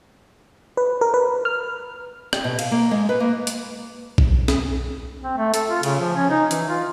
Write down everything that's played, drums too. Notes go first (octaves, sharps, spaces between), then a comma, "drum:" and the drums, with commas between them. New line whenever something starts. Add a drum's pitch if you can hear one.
B4
A#4
B4
F6
G4, drum: rim click
B2
F5, drum: cymbal
A#3
G#3
B4
A#3
drum: hi-hat
drum: kick B1
drum: snare
C4
A3
A4, drum: hi-hat
F4
C#3, drum: cymbal
F3
C#4
D#4
E3, drum: hi-hat
F4